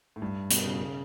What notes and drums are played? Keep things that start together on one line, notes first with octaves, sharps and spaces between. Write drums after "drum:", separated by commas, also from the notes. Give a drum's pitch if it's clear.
A2
G2
B2, drum: hi-hat
C#3
C#3